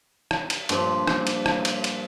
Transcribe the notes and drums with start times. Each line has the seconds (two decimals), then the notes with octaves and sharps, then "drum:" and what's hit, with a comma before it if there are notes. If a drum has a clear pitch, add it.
0.31 drum: rim click
0.50 drum: cymbal
0.69 G2 A#2 F3, drum: cymbal
1.07 drum: rim click
1.27 drum: cymbal
1.46 drum: rim click
1.65 drum: cymbal
1.84 drum: cymbal